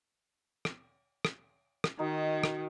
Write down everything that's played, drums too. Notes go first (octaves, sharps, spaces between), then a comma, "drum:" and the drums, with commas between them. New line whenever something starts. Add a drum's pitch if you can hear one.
drum: rim click
drum: rim click
drum: rim click
D#3 D#4 F#4
drum: rim click